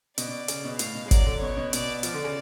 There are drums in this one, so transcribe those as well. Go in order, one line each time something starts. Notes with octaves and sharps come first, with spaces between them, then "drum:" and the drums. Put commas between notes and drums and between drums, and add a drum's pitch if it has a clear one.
B2 D5, drum: hi-hat
B2
C#3, drum: hi-hat
B2
A2 F5, drum: hi-hat
B2
G#3
F#3 D5, drum: kick G#1, hi-hat
D3
B2 C#5
B2
B2 D5, drum: hi-hat
F3 D5, drum: hi-hat
D3
C#3